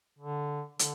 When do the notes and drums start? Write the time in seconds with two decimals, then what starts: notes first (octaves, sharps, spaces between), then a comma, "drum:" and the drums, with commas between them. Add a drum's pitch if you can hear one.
0.19 D3
0.79 D3, drum: hi-hat